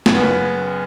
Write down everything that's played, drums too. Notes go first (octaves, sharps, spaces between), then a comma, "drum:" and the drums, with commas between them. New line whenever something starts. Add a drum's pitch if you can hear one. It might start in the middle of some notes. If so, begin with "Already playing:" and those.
C#4, drum: snare
F#1 F#2 C#3 B3